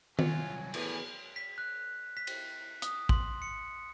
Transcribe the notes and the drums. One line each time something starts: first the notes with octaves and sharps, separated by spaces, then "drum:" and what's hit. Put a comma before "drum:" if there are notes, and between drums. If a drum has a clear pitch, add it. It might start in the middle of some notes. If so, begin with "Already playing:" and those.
C2 F#3 F4 G#5, drum: tom D#3
A2 E3 B3 G#4 B4, drum: cymbal
B6
F#6
B6
drum: cymbal
D#6, drum: hi-hat
C6, drum: kick
C#7